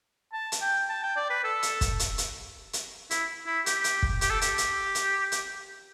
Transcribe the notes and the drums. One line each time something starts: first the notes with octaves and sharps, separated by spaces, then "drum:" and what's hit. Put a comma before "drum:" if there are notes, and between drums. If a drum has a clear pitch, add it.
A5
drum: hi-hat
G5
A5
G5
D5
B4
A4
drum: hi-hat
drum: kick, hi-hat
drum: hi-hat
drum: hi-hat
drum: hi-hat
E4, drum: hi-hat
E4
G4, drum: hi-hat
drum: hi-hat
drum: kick
G4, drum: hi-hat
A4
G4, drum: hi-hat
drum: hi-hat
drum: hi-hat
drum: hi-hat